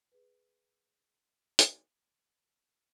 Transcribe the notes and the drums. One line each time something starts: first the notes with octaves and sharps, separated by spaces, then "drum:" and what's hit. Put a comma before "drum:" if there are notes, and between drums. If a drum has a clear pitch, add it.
G#4 B4
drum: hi-hat